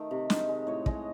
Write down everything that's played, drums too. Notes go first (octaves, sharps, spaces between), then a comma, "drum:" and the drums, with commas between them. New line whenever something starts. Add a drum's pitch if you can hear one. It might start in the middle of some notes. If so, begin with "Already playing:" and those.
Already playing: D#3 A3
C3
G#3 D#4, drum: snare
G#3
A2 C#5
G#3 D#5, drum: kick